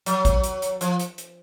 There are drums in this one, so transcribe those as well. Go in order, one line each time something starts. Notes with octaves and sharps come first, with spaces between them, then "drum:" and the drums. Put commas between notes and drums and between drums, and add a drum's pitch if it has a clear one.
F#3, drum: hi-hat
drum: kick, hi-hat
drum: hi-hat
drum: hi-hat
F3, drum: hi-hat
drum: hi-hat
drum: hi-hat